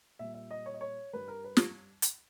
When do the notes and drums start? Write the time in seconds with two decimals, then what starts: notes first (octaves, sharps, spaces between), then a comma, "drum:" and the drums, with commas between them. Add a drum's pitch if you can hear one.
0.19 A#2 G3 E5
0.34 E5
0.51 D#5
0.66 C#5
0.74 D#5
0.81 C#5
1.13 G2 G3 B4
1.28 A#4
1.44 B4
1.57 drum: snare
2.02 drum: hi-hat